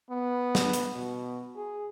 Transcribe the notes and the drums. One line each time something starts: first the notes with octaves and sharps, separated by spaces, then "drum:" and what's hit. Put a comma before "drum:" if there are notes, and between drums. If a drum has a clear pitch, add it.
B3
drum: snare
drum: hi-hat
B2
G#4